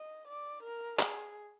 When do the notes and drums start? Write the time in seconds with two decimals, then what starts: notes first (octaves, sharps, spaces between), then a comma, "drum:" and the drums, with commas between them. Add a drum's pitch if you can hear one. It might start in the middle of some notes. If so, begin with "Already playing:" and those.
Already playing: D#5
0.27 D5
0.63 A#4
0.99 G#4, drum: clap